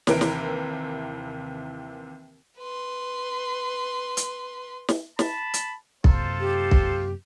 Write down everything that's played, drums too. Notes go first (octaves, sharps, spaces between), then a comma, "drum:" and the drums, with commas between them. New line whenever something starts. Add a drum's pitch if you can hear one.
D#2 C3 E3 A#4 B4 D7, drum: snare
drum: snare
B4 C6
drum: hi-hat
drum: snare
A5 B5, drum: snare
drum: hi-hat
F#2 C3 A#3 F4 A4 C5, drum: kick B1
G4
drum: kick B1